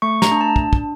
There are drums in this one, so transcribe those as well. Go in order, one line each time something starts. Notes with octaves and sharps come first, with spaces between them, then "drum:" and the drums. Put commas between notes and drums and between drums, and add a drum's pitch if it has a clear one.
A3 C#6
A#5, drum: snare
D4
A5
drum: kick
drum: kick